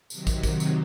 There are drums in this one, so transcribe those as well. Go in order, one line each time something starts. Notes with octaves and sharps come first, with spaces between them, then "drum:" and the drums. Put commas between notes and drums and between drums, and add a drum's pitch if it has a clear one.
C3 D#3 F#3, drum: tambourine
drum: kick, tambourine
drum: kick, tambourine
drum: tambourine